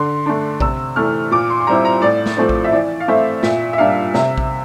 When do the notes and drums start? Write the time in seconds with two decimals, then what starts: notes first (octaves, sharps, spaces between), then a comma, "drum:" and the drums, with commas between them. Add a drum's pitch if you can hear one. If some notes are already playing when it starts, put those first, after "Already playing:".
Already playing: D3 C6
0.26 A3 D4
0.60 C3 E6, drum: kick A#1
0.96 E3 A3 F6
1.31 A#2 D6
1.50 C6
1.60 C6
1.67 G3 C4 E4 A#5
1.85 A#5
2.02 A2 D5
2.26 drum: snare
2.37 F3 A3 C4
2.49 drum: kick A#1
2.64 E5
2.72 E3 D5
3.00 F5
3.08 A3 C4 E4 E5
3.43 A#2 E5, drum: snare
3.73 E5
3.78 G3 A#3 D4 F5
4.14 C3 E5, drum: snare
4.38 drum: kick A#1